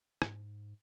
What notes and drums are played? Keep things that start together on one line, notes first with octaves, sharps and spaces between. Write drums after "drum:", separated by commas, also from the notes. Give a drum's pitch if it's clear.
G#2, drum: rim click